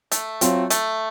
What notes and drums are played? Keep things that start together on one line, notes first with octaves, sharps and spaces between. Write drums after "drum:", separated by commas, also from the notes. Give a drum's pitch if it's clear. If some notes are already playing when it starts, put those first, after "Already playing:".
A3, drum: hi-hat
F#3 C4 F4, drum: hi-hat
A3, drum: hi-hat